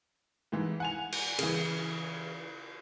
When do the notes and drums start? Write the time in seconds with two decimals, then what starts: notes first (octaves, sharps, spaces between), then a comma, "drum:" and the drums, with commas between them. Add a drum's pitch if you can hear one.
0.52 G#2 E3
0.80 F#5 G#5 F7
1.12 drum: cymbal
1.39 C#3 E3, drum: cymbal